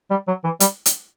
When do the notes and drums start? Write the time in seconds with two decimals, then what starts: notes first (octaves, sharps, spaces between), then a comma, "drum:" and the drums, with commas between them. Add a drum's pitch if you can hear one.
0.11 G3
0.28 F#3
0.44 E3
0.60 G3, drum: hi-hat
0.86 drum: hi-hat